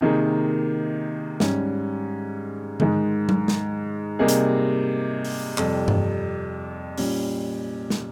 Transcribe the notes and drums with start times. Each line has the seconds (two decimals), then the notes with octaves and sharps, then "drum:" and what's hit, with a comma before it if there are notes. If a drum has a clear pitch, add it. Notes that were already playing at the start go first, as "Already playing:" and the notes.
0.01 C3 D#3 A#3 D#4 G#4
1.40 G#2 G3 C#4, drum: snare
2.80 G#2 D#3 G#3, drum: tom D3
3.29 drum: tom F#3
3.48 drum: snare
4.19 C3 G3 A#3 D#4 G#4
4.28 drum: hi-hat
5.24 drum: open hi-hat
5.58 F2 C3 G3, drum: clap
5.88 drum: tom G2
6.98 A#2 G3 C#4, drum: open hi-hat
7.90 drum: snare